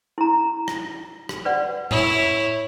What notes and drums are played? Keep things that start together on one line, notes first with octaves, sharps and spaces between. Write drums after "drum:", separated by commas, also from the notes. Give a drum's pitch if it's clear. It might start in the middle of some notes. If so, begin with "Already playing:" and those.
E4 A#5
drum: rim click
drum: rim click
B4 D5 F#5
E4 C#5, drum: tom A2